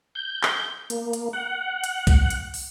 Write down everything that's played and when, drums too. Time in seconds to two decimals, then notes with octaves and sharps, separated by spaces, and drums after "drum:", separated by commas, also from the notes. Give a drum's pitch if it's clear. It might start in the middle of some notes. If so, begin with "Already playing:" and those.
0.15 G6
0.43 drum: clap
0.90 A#3, drum: hi-hat
1.13 drum: hi-hat
1.33 F#5
1.84 drum: hi-hat
2.07 drum: kick B1, hi-hat
2.30 drum: hi-hat
2.54 drum: open hi-hat